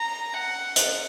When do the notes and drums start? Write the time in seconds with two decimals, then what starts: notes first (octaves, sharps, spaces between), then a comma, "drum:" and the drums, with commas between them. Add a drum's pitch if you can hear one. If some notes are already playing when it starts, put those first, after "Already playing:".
Already playing: A#5
0.37 F#5
0.76 drum: hi-hat